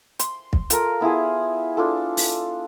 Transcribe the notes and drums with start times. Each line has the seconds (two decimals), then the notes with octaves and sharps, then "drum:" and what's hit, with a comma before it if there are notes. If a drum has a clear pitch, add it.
0.19 C6, drum: hi-hat
0.53 drum: kick
0.70 F4 A4 A#4, drum: hi-hat
1.01 B3 E4 F4 G#4
1.77 D4 F4 A4
2.17 drum: open hi-hat